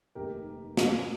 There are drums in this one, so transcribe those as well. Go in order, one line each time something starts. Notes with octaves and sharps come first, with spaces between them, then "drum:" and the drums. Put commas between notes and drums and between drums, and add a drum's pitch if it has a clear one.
F1 D#2 D#3 G4 A#4
drum: snare